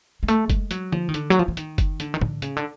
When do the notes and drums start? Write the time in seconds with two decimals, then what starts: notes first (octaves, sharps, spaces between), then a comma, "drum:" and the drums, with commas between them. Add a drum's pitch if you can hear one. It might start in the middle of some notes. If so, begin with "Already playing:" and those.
0.23 G#3
0.28 A3, drum: hi-hat
0.50 G#3, drum: kick F#1, hi-hat
0.71 F#3, drum: hi-hat
0.92 F3, drum: tom D3
1.09 D#3
1.14 D3, drum: hi-hat
1.30 F#3
1.39 F3
1.48 E3
1.57 D#3, drum: hi-hat
1.78 drum: kick F#1, hi-hat
2.00 D3, drum: hi-hat
2.14 D#3
2.21 D3, drum: tom A2
2.42 C#3, drum: hi-hat
2.57 D3